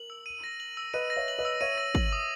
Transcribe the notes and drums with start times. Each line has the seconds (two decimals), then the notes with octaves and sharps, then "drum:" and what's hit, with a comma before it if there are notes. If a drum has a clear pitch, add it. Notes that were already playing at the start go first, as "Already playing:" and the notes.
Already playing: A#4 F#7
0.10 E6
0.26 D#7
0.44 A#6
0.60 F#7
0.77 E6
0.94 B4 D#5 D#7
1.10 A#6
1.17 C#5 E5
1.28 F#7
1.39 B4 D#5
1.45 E6
1.61 C#5 E5 D#7
1.78 A#6
1.95 F#7, drum: kick
2.12 D#6